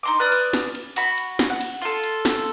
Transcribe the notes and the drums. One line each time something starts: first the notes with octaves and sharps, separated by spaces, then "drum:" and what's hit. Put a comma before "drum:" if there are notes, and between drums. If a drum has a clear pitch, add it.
D#4 C6 D6
B4 D5 D#6 F6
drum: cymbal
drum: snare
drum: cymbal
F#4 B5, drum: cymbal
drum: cymbal
drum: snare
F#5
drum: cymbal
F4 A4
drum: cymbal
drum: snare